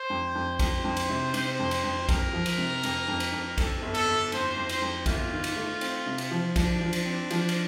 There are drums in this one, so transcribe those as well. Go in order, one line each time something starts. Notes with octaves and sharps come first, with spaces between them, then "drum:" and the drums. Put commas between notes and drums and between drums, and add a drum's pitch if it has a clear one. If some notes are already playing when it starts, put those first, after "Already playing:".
Already playing: C5
F2
F2
F2, drum: kick A#1, cymbal
F2
drum: cymbal
C3
C3 C5, drum: cymbal
F2
drum: cymbal
F2
F2 A#4, drum: kick A#1, cymbal
F3
drum: cymbal
C3
F2, drum: cymbal
F2
drum: cymbal
F2
F2 A4, drum: kick A#1, cymbal
G1
A4, drum: cymbal
G1
F2 C5, drum: cymbal
F2
C5, drum: cymbal
F2
G1 F4, drum: kick A#1, cymbal
D#3
drum: cymbal
A3
C4, drum: cymbal
C3
drum: cymbal
F3
F3 D4, drum: kick A#1, cymbal
F3
drum: cymbal
C4
F3, drum: cymbal
drum: cymbal